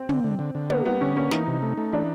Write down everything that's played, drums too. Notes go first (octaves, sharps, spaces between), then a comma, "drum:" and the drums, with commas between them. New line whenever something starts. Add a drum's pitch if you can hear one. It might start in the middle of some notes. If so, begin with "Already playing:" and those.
Already playing: C4
D3, drum: tom
D3
D3
D3
A#3 B3, drum: tom
G3 B3
D3 C#4
A#3 C#4
E3 D#4, drum: snare
C3
A3
A3
E3 D4